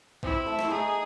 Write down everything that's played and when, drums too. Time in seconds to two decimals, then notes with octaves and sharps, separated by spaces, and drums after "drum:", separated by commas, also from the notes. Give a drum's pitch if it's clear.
0.23 C4 E4, drum: kick
0.46 A3
0.59 drum: snare
0.71 D#4 G#4